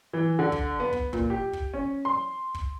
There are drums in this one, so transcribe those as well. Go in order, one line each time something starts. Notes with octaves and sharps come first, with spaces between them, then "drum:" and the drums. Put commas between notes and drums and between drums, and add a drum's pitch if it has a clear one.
E3
D3
drum: kick
B3
drum: kick
A#2, drum: kick
G4
drum: kick
C#4
C6
drum: kick